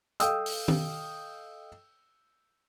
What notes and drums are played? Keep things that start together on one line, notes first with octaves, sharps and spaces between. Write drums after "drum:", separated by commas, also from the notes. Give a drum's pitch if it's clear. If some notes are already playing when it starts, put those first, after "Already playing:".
A4 D#5 F5 G5 D#6 E6, drum: hi-hat
drum: open hi-hat
drum: tom D#3